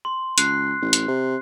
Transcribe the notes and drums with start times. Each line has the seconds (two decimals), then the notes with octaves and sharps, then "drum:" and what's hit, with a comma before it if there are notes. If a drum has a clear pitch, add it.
0.05 C6
0.38 C#2 F#6 C7, drum: hi-hat
0.82 A1
0.93 drum: hi-hat
1.08 C3